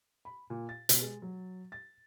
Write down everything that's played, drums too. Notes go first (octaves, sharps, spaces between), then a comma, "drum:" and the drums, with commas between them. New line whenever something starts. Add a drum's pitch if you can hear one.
B5
A#2
A6
B2, drum: hi-hat
G#3
F#3
A6